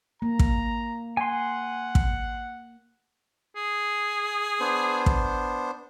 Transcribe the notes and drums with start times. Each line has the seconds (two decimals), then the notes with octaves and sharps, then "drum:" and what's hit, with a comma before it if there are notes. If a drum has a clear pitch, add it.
0.22 A#3 A#5
0.39 drum: kick
1.17 F#5 G#5 C6
1.95 drum: kick
3.56 G#4
4.60 B3 D4 C5
5.06 drum: kick